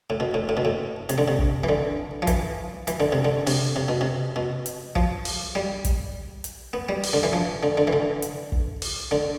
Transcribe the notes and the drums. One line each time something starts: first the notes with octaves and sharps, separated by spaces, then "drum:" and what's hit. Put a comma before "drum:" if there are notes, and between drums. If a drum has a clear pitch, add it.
A2
B2
A2
A2
B2
A2
C3, drum: hi-hat
D3
C3
drum: kick
E3
D3
F3
E3, drum: kick, hi-hat
E3, drum: hi-hat
D3
C3
D3
C3, drum: open hi-hat
C3
B2
C3
B2
drum: hi-hat
F3, drum: kick
drum: open hi-hat
G3
drum: kick, hi-hat
drum: hi-hat
B3
G3
drum: open hi-hat
D3
E3
F3
D3
D3
E3
D3
drum: hi-hat
drum: kick
drum: open hi-hat
D3